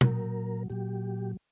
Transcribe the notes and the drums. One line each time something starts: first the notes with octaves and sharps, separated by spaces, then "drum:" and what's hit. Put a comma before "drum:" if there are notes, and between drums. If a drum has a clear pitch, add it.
A#2 F#3 A#4, drum: tom
A#2 F#3 G4